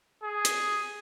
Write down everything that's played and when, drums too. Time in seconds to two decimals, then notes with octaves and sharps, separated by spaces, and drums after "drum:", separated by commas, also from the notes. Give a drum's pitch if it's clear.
0.23 G#4
0.45 drum: hi-hat